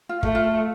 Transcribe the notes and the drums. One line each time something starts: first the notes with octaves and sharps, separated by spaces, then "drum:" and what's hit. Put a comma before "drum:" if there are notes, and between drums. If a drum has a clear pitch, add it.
F4
A3, drum: kick
F4